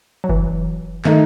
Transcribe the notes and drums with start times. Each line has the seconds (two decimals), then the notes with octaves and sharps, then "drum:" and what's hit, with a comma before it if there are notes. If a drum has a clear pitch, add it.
0.24 F#3
0.29 E3, drum: kick F#1
1.04 D#3 A3 D#4 A4, drum: clap